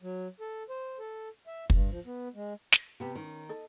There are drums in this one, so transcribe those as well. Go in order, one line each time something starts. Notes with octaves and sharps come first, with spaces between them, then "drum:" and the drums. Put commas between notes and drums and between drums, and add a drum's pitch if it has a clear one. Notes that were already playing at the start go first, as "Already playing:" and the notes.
F#3
A4
C5
A4
E5
G2, drum: kick
F3
B3
G#3
drum: snare
C3 B3 G4 G5
D#3 C#4
A4 D#5